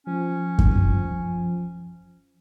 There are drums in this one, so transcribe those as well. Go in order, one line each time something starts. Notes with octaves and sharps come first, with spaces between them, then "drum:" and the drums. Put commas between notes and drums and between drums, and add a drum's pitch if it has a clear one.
F3 C#4
drum: kick F#2